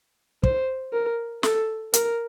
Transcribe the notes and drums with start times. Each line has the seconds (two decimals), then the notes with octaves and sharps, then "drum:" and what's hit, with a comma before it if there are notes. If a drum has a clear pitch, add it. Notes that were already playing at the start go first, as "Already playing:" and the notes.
0.43 C5, drum: kick
0.93 A#4
1.43 A4, drum: snare
1.94 A#4, drum: hi-hat